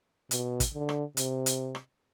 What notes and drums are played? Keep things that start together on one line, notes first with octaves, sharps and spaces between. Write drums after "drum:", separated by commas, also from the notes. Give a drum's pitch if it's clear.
B2, drum: hi-hat
drum: kick, hi-hat
D3
drum: rim click
C3, drum: hi-hat
drum: hi-hat
drum: rim click